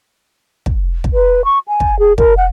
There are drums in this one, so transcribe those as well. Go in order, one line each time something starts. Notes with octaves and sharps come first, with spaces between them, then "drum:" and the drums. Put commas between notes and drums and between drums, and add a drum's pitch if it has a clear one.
drum: kick
drum: kick
B4
C#6
G#5
drum: kick
G#4
A#4, drum: kick
F#5